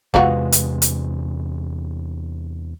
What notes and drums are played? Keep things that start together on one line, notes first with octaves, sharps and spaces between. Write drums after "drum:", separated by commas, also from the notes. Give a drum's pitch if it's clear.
E2 C3 G#3 B3 F4 F#4, drum: kick
drum: hi-hat
drum: hi-hat